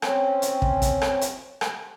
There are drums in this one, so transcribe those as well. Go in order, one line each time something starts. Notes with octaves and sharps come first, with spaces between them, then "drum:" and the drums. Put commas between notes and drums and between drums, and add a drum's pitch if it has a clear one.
C4 C#4, drum: rim click
drum: hi-hat
drum: kick
drum: kick, hi-hat
drum: rim click
drum: hi-hat
drum: rim click